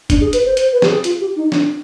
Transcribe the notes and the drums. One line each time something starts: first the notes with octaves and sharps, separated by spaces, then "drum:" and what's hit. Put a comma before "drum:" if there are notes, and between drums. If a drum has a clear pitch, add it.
D4, drum: kick F#1, hi-hat
G#4
B4, drum: hi-hat
C5
C5, drum: hi-hat
B4
G4, drum: snare
G#4
F4, drum: hi-hat
G4
D#4
D4, drum: snare